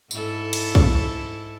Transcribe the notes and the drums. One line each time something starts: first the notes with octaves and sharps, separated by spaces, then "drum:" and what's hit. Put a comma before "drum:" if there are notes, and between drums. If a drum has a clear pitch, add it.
G#2 E4 A4, drum: tambourine
drum: cymbal
drum: kick